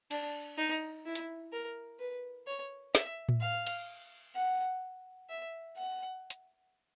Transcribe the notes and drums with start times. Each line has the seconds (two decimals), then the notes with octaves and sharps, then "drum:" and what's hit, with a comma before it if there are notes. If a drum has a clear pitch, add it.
0.11 D4, drum: cymbal
0.58 D#4
1.06 E4
1.15 drum: hi-hat
1.53 A#4
2.00 B4
2.47 C#5
2.95 E5, drum: snare
3.29 drum: tom A2
3.41 F5
3.67 drum: cymbal
4.35 F#5
5.30 E5
5.77 F#5
6.30 drum: hi-hat